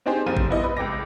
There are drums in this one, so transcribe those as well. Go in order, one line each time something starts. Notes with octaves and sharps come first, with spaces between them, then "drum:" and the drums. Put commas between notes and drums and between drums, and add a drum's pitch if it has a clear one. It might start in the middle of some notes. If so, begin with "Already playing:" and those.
C4 D4 D#4 G4 G#4 C5
F1 F3 F4 G4 C5 D#7
drum: kick A1
G3 B3 E4 D5 D#5
B4
C#2 G5 D6 A#6